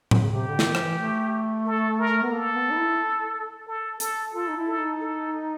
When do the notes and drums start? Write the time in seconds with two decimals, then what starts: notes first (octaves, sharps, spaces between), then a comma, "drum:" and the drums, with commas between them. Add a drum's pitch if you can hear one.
0.11 drum: tom A2
0.22 C#3
0.31 C3 G4
0.48 D3
0.59 E3, drum: snare
0.65 D#3
0.75 F3, drum: rim click
0.81 E3
0.98 A3
1.66 A4
1.99 A#4
2.23 B3
2.32 A#3 A4
2.55 B3
2.71 D#4
2.77 E4
3.67 A4
4.00 A4, drum: hi-hat
4.34 F4 A4
4.49 D#4
4.57 E4
4.68 A4
4.79 D#4
5.01 A4